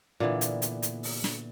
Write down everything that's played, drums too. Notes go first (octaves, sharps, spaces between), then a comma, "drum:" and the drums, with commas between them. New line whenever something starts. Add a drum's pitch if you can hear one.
A#2 D3 E3 B3
drum: hi-hat
drum: hi-hat
drum: hi-hat
drum: open hi-hat
drum: snare